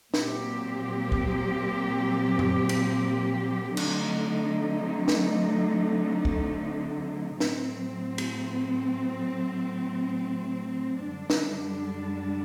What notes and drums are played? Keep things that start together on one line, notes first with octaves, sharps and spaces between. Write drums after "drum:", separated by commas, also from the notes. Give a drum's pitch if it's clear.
A#2 F#3 C4 G4, drum: snare
drum: kick
drum: tom F#2
drum: cymbal
D3 F#3 A3 C4 D#4, drum: cymbal
drum: snare
drum: kick
A2 F#3 C4, drum: snare
drum: cymbal
F#2 D3 G3 D4
drum: snare